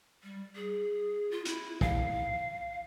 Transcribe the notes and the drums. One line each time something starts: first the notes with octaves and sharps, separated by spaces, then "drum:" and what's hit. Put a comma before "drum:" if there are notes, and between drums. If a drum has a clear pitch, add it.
G3
G#4
F4
E4, drum: hi-hat
F5, drum: kick